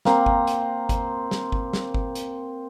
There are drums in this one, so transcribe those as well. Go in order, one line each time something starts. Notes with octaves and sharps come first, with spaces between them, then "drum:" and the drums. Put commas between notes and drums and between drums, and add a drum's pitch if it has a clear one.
A#3 C4 C5 A#5, drum: snare
drum: kick G1
drum: hi-hat
drum: kick G1, hi-hat
drum: snare
drum: kick G1
drum: snare
drum: kick G1
drum: hi-hat